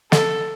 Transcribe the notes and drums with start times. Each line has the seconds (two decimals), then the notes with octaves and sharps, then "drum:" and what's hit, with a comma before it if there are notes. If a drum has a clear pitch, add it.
0.12 A4, drum: snare